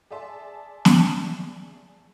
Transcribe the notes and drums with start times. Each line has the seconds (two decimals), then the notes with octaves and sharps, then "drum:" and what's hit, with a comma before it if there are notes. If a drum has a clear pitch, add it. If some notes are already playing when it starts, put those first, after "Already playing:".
0.11 G#4 D5 E5 A5 C6
0.85 drum: snare